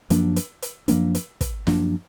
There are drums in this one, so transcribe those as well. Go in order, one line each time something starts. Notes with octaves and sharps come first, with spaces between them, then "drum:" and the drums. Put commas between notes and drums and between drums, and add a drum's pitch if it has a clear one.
F#2 F3 A#3 D4, drum: hi-hat
drum: hi-hat
drum: hi-hat
F#2 F3 A#3 D4, drum: hi-hat
drum: hi-hat
drum: kick, hi-hat
F#2 F3 A#3 D4, drum: snare